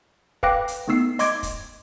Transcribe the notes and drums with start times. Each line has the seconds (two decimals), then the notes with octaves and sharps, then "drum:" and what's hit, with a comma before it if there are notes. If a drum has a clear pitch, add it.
0.43 B4 F5 G5 D6 F#6 A#6, drum: kick
0.68 drum: hi-hat
0.88 A3 B3 D#4 E6 C7
1.19 D#5 C6 D6 G#6 D7, drum: hi-hat
1.43 drum: kick, hi-hat